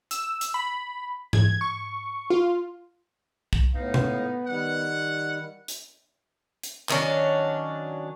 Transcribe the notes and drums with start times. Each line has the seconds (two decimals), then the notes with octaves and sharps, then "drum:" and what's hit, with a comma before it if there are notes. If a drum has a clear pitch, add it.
0.11 E6, drum: hi-hat
0.41 drum: hi-hat
0.54 B5
1.33 G#6, drum: tom G#2
1.61 C#6
2.30 F4
3.53 drum: kick
3.75 A2 B3 D#4 F5
3.94 drum: tom B2
4.47 D#3 G3 F#5
5.68 drum: hi-hat
6.63 drum: hi-hat
6.89 D#3 F#3 C#4 D4, drum: clap